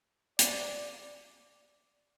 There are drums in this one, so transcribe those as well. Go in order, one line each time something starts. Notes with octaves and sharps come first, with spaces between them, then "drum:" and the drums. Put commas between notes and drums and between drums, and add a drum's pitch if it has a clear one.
D5, drum: hi-hat